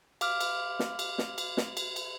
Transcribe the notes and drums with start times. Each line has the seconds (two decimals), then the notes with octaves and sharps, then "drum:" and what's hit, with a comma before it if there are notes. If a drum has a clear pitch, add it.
0.21 F5 D6 F6, drum: cymbal
0.41 drum: cymbal
0.79 drum: snare
0.99 drum: cymbal
1.18 drum: snare
1.38 drum: cymbal
1.57 drum: snare
1.77 drum: cymbal
1.96 drum: cymbal